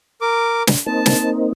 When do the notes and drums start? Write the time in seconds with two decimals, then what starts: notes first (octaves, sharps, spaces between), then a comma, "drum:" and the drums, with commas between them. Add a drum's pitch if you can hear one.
0.21 A#4 D6
0.67 drum: snare
0.86 A#3 C4 D#4 A5
1.06 drum: snare